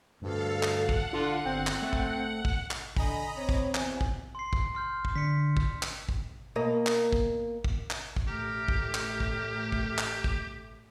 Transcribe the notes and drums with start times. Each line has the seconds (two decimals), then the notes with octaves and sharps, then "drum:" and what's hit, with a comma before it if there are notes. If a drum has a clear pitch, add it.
0.22 D2 G2 A4 F5
0.63 drum: clap
0.80 F#5
0.89 drum: kick
1.13 D3 F4
1.46 G1 C4
1.67 drum: clap
1.82 A3
1.93 drum: kick
2.45 drum: kick
2.71 drum: clap
2.97 D3 D#5 G#5 A#5 B5, drum: kick
3.37 C4 C#5
3.49 drum: kick
3.75 E2 G#5, drum: clap
4.01 drum: kick
4.35 C6 C7
4.53 drum: kick
4.75 C6 F6 G6
5.05 drum: kick
5.16 D3 B6 C#7
5.57 drum: kick
5.83 drum: clap
6.09 drum: kick
6.55 B2 A#3 D#5
6.87 drum: clap
7.13 drum: kick
7.64 drum: kick
7.90 drum: clap
8.16 drum: kick
8.28 A1 A3 G4 A#4
8.68 drum: kick
8.94 drum: clap
9.20 drum: kick
9.72 drum: kick
9.98 drum: clap
10.24 drum: kick